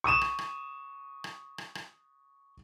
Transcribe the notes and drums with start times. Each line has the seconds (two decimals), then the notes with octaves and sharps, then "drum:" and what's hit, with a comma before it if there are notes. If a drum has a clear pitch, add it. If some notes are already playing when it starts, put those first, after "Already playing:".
0.04 C#6 D#6 D#7 E7
0.21 drum: rim click
0.39 drum: rim click
1.24 drum: rim click
1.58 drum: rim click
1.75 drum: rim click